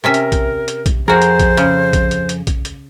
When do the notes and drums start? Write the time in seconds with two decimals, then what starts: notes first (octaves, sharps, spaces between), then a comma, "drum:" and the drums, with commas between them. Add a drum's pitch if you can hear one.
0.04 C3 C#4 A#4 E5
0.14 drum: hi-hat
0.32 drum: kick B1, hi-hat
0.68 drum: hi-hat
0.86 drum: kick B1, hi-hat
1.08 F2 F#4 G#4 A#4 C5 A#5
1.22 drum: hi-hat
1.40 drum: kick B1, hi-hat
1.57 C#3, drum: hi-hat
1.93 drum: kick B1, hi-hat
2.11 drum: hi-hat
2.29 drum: hi-hat
2.47 drum: kick B1, hi-hat
2.65 drum: hi-hat